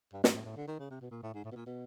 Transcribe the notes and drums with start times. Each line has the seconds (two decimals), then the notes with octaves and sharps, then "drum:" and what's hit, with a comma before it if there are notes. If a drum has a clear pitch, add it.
0.13 G2
0.24 G#2, drum: snare
0.35 A2
0.45 A2
0.57 D3
0.68 D#3
0.79 C#3
0.90 C3
1.01 B2
1.11 A#2
1.23 A2
1.34 G#2
1.45 A2
1.52 B2
1.56 A#2
1.67 B2